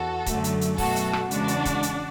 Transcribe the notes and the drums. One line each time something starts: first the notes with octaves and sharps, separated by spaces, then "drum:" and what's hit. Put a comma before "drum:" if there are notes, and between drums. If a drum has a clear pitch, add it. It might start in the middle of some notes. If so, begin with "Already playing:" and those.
Already playing: E2 F#4 A4
F#2 D3 F#3 A3, drum: kick C#1, hi-hat
drum: hi-hat
drum: hi-hat
B2 F#3 A3 F#4 A4, drum: kick C#1, open hi-hat
drum: hi-hat
drum: rim click
E2 C#3 G#3 D4 F#4, drum: hi-hat
drum: hi-hat
drum: kick C#1, hi-hat
drum: hi-hat